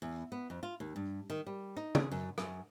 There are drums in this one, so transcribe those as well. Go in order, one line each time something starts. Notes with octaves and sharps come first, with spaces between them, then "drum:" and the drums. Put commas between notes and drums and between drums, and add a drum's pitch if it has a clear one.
E2
B3
F2
F4
D#2
G2
D#3
G3
D#4
G#4, drum: tom
F#2
F#2, drum: rim click